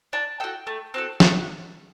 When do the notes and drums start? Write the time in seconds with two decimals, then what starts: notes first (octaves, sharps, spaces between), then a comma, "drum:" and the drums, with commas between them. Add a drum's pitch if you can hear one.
0.13 D4 A5
0.40 F#4 A4 G5
0.67 A3
0.94 C4 F#4 A4
1.20 A3 F#5, drum: snare